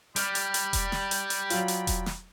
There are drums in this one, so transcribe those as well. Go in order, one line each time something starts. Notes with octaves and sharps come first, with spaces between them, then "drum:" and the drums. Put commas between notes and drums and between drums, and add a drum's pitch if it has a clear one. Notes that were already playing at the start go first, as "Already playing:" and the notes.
G3 D5 G5 B5 D6 F6 D7, drum: hi-hat
drum: hi-hat
drum: hi-hat
drum: kick E1, hi-hat
drum: snare
drum: hi-hat
drum: hi-hat
F#3 F4, drum: hi-hat
drum: hi-hat
drum: kick E1, hi-hat
drum: snare